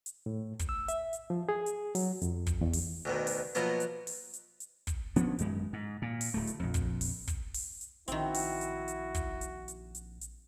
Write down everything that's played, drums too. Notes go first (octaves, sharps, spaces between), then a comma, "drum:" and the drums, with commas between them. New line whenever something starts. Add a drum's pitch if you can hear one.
drum: hi-hat
A2
drum: kick, hi-hat
E6
E5, drum: hi-hat
drum: hi-hat
F3
G#4
drum: hi-hat
F#3, drum: open hi-hat
F2, drum: hi-hat
drum: kick, hi-hat
E2
drum: open hi-hat
D2 B2 D#3
drum: open hi-hat
B2 F3 F#3 A#3 B3, drum: hi-hat
drum: hi-hat
drum: open hi-hat
drum: hi-hat
drum: hi-hat
drum: kick, hi-hat
F3 B3 C#4 D4, drum: hi-hat
G#1 F#2 G#3, drum: hi-hat
G#2
A#2
drum: open hi-hat
D1 A3
drum: hi-hat
A#1 F2
drum: kick, hi-hat
drum: open hi-hat
drum: kick, hi-hat
drum: open hi-hat
drum: hi-hat
A#1 D#3 C4 E4 F#4, drum: hi-hat
drum: open hi-hat
drum: hi-hat
drum: hi-hat
drum: kick, hi-hat
drum: hi-hat
drum: hi-hat
drum: hi-hat
drum: hi-hat